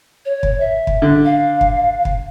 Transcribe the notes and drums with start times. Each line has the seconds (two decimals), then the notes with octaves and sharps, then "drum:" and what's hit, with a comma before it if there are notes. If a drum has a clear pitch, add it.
0.25 C#5
0.43 drum: kick
0.60 E5
0.87 drum: kick
1.02 D3
1.25 F5
1.61 drum: kick
2.05 drum: kick